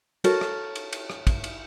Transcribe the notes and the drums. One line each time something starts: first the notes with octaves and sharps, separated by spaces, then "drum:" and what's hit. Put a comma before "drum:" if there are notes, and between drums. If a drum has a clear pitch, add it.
F#4 A4 A#4 C#5, drum: cymbal
drum: rim click
drum: cymbal
drum: cymbal
drum: rim click
drum: kick, cymbal
drum: cymbal